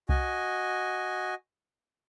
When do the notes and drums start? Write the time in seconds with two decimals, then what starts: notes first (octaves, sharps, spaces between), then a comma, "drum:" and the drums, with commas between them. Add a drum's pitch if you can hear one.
0.09 F#4 D#5 G#5, drum: kick C2